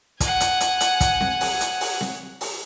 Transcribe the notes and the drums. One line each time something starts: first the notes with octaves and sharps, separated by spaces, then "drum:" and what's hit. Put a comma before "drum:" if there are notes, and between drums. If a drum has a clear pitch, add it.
F#5 G#5, drum: kick, hi-hat
drum: hi-hat
drum: hi-hat
drum: hi-hat
drum: kick, hi-hat
drum: snare C4
drum: open hi-hat
drum: hi-hat
drum: open hi-hat
drum: snare C4
drum: open hi-hat